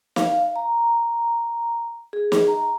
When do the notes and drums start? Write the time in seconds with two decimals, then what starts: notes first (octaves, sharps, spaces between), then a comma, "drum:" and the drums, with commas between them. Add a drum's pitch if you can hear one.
0.16 F5, drum: snare
0.56 A#5
2.13 G#4
2.32 drum: snare
2.48 A#5